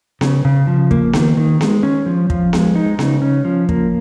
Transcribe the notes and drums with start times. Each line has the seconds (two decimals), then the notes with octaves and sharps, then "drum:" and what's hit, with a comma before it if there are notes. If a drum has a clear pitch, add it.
0.21 C#3, drum: snare B3
0.45 C#3
0.67 F3
0.91 A#3, drum: kick
1.13 D#3, drum: snare B3
1.37 D#3
1.61 G#3, drum: snare B3
1.83 C#4
2.06 F3
2.30 F3, drum: kick
2.53 G#3, drum: snare B3
2.75 D#4
2.99 C#3, drum: snare B3
3.22 C#4
3.45 F3
3.69 A#3, drum: kick